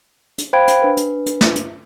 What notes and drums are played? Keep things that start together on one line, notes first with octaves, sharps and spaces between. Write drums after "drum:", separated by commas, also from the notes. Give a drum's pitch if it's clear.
drum: hi-hat
C5 F5 G5 B5 G#6 D7
drum: hi-hat
D4 B4
drum: hi-hat
drum: hi-hat
drum: snare
drum: hi-hat